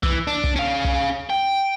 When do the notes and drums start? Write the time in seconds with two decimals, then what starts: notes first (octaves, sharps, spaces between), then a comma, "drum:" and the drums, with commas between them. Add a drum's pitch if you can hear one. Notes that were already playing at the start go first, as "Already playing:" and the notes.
0.03 E3, drum: kick
0.27 D4
0.44 drum: kick
0.56 C#4 F5
0.84 drum: kick
1.30 G5